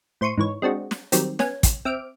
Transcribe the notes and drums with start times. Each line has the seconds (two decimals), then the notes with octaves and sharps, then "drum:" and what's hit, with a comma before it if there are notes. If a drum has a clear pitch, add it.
0.21 A2 C5 C6 C#6 D#7
0.38 G#2 E3 C#5
0.62 G#3 C4 D4 F#4
0.91 drum: snare
1.12 D#3 F#3 G3 C4, drum: hi-hat
1.39 B3 C#4 G#5, drum: snare
1.63 drum: kick, hi-hat
1.85 C4 E5 D6 F6 D7